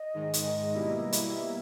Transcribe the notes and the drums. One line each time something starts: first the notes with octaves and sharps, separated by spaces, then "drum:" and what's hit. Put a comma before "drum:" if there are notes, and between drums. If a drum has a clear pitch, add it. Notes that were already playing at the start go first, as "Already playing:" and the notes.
Already playing: D#5
G#2 D#3 G#3
drum: hi-hat
B2 G3 A#3 E4
drum: hi-hat
D#5
E5